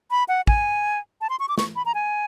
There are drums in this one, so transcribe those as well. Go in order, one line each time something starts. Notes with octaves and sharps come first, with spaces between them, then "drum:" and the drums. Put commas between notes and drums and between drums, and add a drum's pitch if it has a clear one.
B5
F#5
G#5, drum: kick
A5
C6
C#6
D6
C#6, drum: snare
B5
A#5
G#5